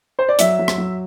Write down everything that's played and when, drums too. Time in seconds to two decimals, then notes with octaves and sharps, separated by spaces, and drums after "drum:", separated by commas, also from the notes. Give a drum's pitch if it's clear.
0.19 C5
0.29 D5
0.39 F#3 E5, drum: hi-hat
0.59 F#3
0.68 drum: rim click
0.78 F#3